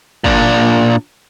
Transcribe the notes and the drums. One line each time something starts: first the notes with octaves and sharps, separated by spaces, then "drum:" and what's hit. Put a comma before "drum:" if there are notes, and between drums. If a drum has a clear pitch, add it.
A#2 D4, drum: kick